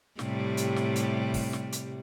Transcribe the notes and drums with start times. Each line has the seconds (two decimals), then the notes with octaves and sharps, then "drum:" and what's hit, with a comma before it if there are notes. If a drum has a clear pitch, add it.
0.19 A2 C3 G3, drum: snare
0.57 drum: hi-hat
0.76 drum: snare
0.96 drum: hi-hat
1.34 drum: kick, open hi-hat
1.53 drum: snare
1.72 drum: hi-hat